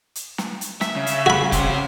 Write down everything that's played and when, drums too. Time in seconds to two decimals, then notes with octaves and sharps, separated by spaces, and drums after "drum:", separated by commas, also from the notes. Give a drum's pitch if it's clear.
0.15 drum: hi-hat
0.38 drum: snare
0.61 drum: hi-hat
0.81 E5, drum: snare
0.96 C#3
1.07 drum: hi-hat
1.26 F#4 B5
1.52 G4 C5, drum: kick E1, hi-hat